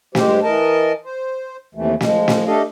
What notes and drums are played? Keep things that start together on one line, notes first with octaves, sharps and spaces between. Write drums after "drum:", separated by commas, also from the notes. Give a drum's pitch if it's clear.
G2 G#3 G4 C5, drum: snare
E3 A#4 D#5 A5
C5
D#2 C3 E3 A3
F3 G#3, drum: snare
drum: snare
A3 D4 G4 A4 D#5 F5